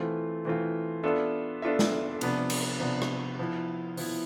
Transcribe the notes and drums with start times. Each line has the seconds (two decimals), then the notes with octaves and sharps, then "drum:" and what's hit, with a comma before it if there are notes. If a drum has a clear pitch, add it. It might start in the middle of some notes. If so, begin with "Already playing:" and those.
Already playing: E3 A3 C4 F4
0.45 E3 A3 C4 F4
1.04 B3 D4 F4 A4 E5
1.62 B3 D4 F4 A4 E5
1.79 drum: snare
2.21 C3 F3 B3 D4, drum: cymbal
2.50 drum: cymbal
2.80 C3 F3 B3 D4
3.02 drum: rim click
3.39 F3 B3 E4
3.97 F3 B3 E4, drum: open hi-hat